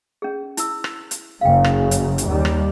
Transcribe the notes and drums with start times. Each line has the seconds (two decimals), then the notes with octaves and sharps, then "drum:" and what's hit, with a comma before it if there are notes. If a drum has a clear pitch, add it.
0.22 C#4 G#4
0.57 E4 E6, drum: hi-hat
0.84 drum: rim click
1.11 drum: hi-hat
1.41 F#1 C#3 F5 G5
1.64 drum: rim click
1.91 drum: hi-hat
2.18 drum: hi-hat
2.28 D#2 G3
2.45 drum: rim click